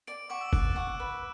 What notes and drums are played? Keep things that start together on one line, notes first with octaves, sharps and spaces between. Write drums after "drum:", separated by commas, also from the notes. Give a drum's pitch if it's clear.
D5 D7
F#5 C#6 D6
E6
D5 F#6, drum: kick
F#5 C#6
B4